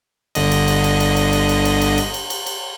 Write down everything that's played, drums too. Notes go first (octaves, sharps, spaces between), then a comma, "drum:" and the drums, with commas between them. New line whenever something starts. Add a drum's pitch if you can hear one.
G1 D3 D#5, drum: cymbal
drum: cymbal
drum: cymbal
drum: cymbal
drum: cymbal
drum: cymbal
drum: cymbal
drum: cymbal
drum: cymbal
drum: cymbal
drum: cymbal
drum: cymbal
drum: cymbal
drum: cymbal